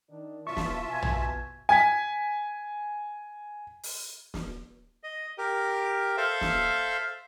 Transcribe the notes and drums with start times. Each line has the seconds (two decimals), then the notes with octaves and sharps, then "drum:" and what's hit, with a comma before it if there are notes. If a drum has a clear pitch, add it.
0.10 D#3 D4
0.47 B2 C#4 E4 F4 E5 A5 C#6
0.57 drum: snare
0.88 B2 G#5
1.03 drum: tom
1.69 G#5 G#6 B6
3.83 drum: open hi-hat
4.34 drum: snare
5.03 D#5
5.38 G4 A#4
6.17 A4 C5 E5 F5
6.41 drum: snare